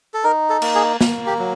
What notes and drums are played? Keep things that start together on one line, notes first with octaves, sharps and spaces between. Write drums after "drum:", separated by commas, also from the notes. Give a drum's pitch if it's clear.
A4
D#4 A#4
A4
A#3, drum: cymbal
G#4
A#3, drum: snare A#3
G4
F#3